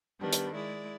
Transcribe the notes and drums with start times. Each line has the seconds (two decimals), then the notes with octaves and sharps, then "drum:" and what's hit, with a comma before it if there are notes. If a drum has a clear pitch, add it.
0.19 D#3 G3 B3 D4
0.33 drum: hi-hat
0.53 G#3 E4 D5